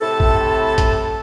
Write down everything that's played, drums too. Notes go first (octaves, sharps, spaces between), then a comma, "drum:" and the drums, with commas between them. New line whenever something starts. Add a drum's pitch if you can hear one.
A2 C3 A4 A5
drum: kick
drum: kick, hi-hat